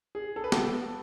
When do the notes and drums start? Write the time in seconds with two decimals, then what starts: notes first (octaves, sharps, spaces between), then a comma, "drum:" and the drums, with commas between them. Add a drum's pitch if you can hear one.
0.15 G#4
0.36 A4
0.44 B4
0.52 A4, drum: snare